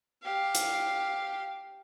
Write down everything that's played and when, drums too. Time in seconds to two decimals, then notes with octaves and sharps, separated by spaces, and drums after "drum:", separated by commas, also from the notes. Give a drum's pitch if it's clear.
0.22 G4 F5
0.55 drum: hi-hat